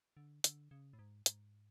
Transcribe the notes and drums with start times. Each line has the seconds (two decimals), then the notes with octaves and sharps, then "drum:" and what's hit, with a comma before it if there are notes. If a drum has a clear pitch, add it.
0.17 D3
0.44 D3, drum: hi-hat
0.71 C#3
0.93 A2
0.99 G#2
1.26 G#2, drum: hi-hat